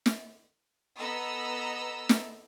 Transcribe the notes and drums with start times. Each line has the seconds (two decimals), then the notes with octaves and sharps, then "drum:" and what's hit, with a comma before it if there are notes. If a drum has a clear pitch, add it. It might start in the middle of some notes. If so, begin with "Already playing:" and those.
0.06 drum: snare
0.97 B3 A4 D#5 A#5 D#6 E6
2.09 drum: snare